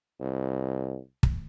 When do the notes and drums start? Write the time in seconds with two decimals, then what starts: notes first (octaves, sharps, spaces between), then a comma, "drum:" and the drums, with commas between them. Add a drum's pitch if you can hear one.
0.20 C2
1.23 drum: kick